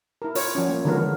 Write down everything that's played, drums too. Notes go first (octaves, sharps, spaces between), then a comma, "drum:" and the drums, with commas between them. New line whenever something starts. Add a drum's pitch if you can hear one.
E4 A#4
F4 C#5, drum: open hi-hat
F3 C#4
A#3
D3 D#3 F3 G#3 B3 A#4
E3